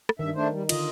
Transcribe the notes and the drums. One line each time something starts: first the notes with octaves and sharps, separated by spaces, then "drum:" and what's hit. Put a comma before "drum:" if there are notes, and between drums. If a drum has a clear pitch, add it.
drum: rim click
G2 D#3 E5
A3 D4 C5
G3
D3 F4 D#5, drum: cymbal